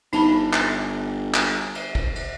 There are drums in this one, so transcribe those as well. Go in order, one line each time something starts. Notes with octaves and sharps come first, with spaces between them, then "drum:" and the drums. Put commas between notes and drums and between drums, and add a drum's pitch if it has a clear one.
G1 D#4 A5 B5, drum: cymbal
drum: clap
drum: clap
drum: cymbal
drum: kick
drum: cymbal